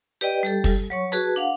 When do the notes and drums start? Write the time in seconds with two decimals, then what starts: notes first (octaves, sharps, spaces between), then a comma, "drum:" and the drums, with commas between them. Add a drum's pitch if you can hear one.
0.21 G4 B4 D5 D#5 G5
0.43 G3 G4 A4
0.64 drum: kick, open hi-hat
0.90 F#3 C#5 C#6
1.12 F#4 G#4 B4 A5, drum: hi-hat
1.36 D4 F5 F#5